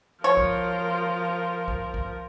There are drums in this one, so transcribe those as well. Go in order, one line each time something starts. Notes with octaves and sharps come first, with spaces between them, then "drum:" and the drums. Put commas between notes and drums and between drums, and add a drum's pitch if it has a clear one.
F3 A#4 C#5
drum: kick
drum: kick
drum: kick